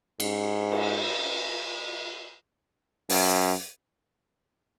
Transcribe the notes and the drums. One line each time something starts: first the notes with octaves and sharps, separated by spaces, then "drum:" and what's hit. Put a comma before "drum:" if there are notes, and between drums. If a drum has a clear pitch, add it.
G#2, drum: cymbal
drum: cymbal
F#2, drum: open hi-hat